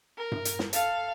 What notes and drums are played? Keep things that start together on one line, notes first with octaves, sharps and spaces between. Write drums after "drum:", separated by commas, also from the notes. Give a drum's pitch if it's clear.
A#4
drum: tom G2
drum: hi-hat
drum: snare
A4 F5, drum: hi-hat